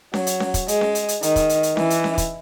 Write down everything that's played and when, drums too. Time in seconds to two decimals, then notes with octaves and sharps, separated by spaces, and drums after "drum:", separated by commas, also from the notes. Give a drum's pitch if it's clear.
0.14 F#3, drum: snare C#4
0.27 drum: hi-hat
0.40 drum: snare C#4
0.54 drum: kick, hi-hat
0.68 G#3, drum: hi-hat
0.81 drum: snare C#4
0.95 drum: hi-hat
1.08 drum: hi-hat
1.23 D#3, drum: hi-hat
1.36 drum: kick, hi-hat
1.49 drum: hi-hat
1.63 drum: hi-hat
1.77 E3, drum: snare C#4
1.90 drum: hi-hat
2.04 drum: snare C#4
2.18 drum: kick, hi-hat